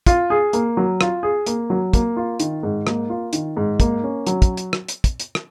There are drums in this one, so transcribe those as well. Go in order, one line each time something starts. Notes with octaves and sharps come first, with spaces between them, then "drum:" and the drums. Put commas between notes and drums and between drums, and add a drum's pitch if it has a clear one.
F4, drum: kick, hi-hat
G#4
A#3, drum: hi-hat
F#3
F4, drum: rim click
G#4
A#3, drum: hi-hat
F#3
A#3, drum: kick, hi-hat
F4
D#3, drum: hi-hat
G#2
A#3, drum: rim click
F4
D#3, drum: hi-hat
G#2
A#3, drum: kick, hi-hat
C#4
F#3, drum: hi-hat
drum: kick, hi-hat
drum: hi-hat
drum: rim click
drum: hi-hat
drum: kick, hi-hat
drum: hi-hat
drum: rim click